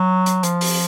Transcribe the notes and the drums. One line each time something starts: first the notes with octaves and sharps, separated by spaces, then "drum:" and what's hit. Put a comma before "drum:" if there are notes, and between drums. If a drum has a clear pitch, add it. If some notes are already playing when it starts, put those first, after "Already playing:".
Already playing: F#3
drum: hi-hat
F3, drum: hi-hat
drum: open hi-hat